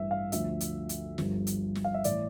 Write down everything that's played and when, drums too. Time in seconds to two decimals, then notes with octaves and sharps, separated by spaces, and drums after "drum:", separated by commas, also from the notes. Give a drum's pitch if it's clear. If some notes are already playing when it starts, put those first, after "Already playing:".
Already playing: A1 G2 E3 E5
0.11 F5
0.32 D2 D3 F3 E5, drum: hi-hat
0.61 drum: hi-hat
0.89 drum: hi-hat
1.18 G1 G2 F3, drum: snare
1.47 drum: hi-hat
1.75 drum: snare
1.84 F5
1.94 E5
2.04 A2 E3 D5, drum: hi-hat